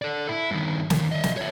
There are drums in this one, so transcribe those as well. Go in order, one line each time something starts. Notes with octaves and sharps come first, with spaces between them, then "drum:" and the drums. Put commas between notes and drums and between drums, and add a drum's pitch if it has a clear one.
A4 D5
E4
G2 D#3
D#2, drum: snare
D#5 E5
drum: snare
C#5 E5